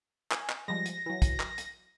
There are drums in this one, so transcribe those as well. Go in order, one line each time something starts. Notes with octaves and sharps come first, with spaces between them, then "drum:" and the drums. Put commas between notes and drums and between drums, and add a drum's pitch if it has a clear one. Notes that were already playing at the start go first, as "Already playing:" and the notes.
G#5, drum: clap
drum: clap
F3 G3 G#3 A#6
drum: hi-hat
E3 F#3
drum: kick, hi-hat
drum: clap
drum: hi-hat